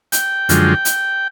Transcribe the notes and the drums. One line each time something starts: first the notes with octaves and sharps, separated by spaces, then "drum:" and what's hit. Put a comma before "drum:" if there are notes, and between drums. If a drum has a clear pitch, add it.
G5, drum: hi-hat
F#2 D3 F3 G#3, drum: hi-hat
drum: hi-hat